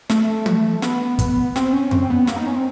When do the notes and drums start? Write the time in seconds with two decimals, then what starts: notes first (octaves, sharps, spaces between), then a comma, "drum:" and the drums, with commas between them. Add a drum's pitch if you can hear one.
0.10 A3, drum: snare
0.46 drum: tom
0.82 B3, drum: snare
1.19 drum: kick, hi-hat
1.56 C4, drum: snare
1.73 C#4
1.91 C4, drum: tom F2
2.10 B3
2.27 A#3, drum: snare
2.36 D#4
2.47 C#4
2.55 C4